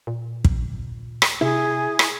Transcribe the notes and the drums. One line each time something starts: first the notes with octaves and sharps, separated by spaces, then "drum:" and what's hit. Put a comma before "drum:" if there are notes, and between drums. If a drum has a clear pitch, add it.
A#2
drum: kick
drum: rim click
C3 E4 G#4
drum: rim click